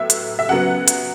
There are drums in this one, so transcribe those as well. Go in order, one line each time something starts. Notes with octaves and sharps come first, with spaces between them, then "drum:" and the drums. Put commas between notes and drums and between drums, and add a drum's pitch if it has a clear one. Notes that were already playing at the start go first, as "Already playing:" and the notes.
Already playing: A2 F#3 B3 E5
drum: hi-hat
E5
C#3 F#3 B3 F#5
drum: hi-hat